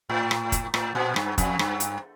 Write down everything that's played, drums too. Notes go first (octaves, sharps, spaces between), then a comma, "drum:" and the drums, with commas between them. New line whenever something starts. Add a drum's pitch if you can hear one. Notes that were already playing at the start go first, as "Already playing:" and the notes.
A2
drum: rim click
drum: kick, hi-hat
A2, drum: rim click
A#2
G2, drum: rim click
F2, drum: kick, hi-hat
G2, drum: rim click
drum: hi-hat